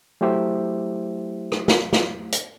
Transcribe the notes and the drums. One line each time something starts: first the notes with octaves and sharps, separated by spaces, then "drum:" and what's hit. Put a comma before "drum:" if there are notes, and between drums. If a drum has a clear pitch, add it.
F#3 A3 E4 G4 C5 E5
drum: rim click
drum: snare
drum: snare
drum: hi-hat